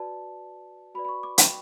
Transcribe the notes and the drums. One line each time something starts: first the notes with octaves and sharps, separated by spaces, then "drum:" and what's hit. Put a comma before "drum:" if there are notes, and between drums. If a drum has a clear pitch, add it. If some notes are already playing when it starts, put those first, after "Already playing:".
Already playing: F#4 B4 D5 A5
F#4 B4 D5 B5
B5
C#6
D6
G5, drum: hi-hat